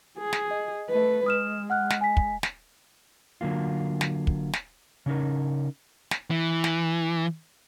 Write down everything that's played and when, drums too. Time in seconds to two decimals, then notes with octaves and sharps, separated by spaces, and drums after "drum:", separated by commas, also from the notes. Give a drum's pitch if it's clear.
0.19 G#4
0.33 drum: snare
0.51 D#5
0.90 A3 B4
1.26 G#3 D#6 F6 E7
1.70 F#5 F6 F#6
1.90 drum: snare
2.01 G#5 B6
2.17 drum: kick
2.43 drum: snare
3.41 D3 F#3 A#3 F4
4.01 drum: snare
4.27 drum: kick
4.53 drum: snare
5.06 C#3 C#4 D#4 A#4
6.11 drum: snare
6.31 E3
6.64 drum: snare